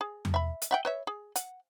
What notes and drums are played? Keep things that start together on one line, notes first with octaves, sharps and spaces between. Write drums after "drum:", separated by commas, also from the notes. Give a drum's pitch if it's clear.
G#4
drum: tom E2
E5 B5
drum: hi-hat
E5 F#5 G5
B4 C#5 E5
G#4
F#5, drum: hi-hat